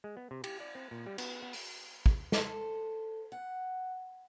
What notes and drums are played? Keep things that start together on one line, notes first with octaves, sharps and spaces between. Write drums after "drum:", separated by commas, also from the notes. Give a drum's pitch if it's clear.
G#3
B3
C3
G4, drum: cymbal
D5
C4
A#2
G3
B3, drum: cymbal
B3
drum: open hi-hat
drum: kick
A4 C5, drum: snare
F#5